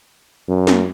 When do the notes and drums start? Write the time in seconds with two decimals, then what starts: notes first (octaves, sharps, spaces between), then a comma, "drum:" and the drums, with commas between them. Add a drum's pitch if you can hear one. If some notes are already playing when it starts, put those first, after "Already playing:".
0.49 F#2
0.67 drum: snare